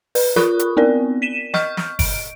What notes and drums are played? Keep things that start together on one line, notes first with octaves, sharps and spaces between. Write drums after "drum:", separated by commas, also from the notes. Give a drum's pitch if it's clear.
B4, drum: open hi-hat
F4 A#4 B5 C#6 D#6 F#6, drum: snare
drum: hi-hat
B3 C4 A#4 D5
B6 D#7 E7
D#5 C#6 F6 G6, drum: snare
drum: snare
D7, drum: kick, open hi-hat